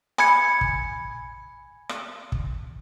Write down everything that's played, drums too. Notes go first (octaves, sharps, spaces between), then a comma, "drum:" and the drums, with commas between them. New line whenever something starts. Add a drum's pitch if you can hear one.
G#5 B5 G#6 C#7, drum: rim click
drum: kick
drum: rim click
drum: kick